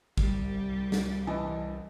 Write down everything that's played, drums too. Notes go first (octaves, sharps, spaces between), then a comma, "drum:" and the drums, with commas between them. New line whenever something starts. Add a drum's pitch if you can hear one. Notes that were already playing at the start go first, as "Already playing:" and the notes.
C2 G3, drum: kick G#1
drum: snare
E3 D#5 A5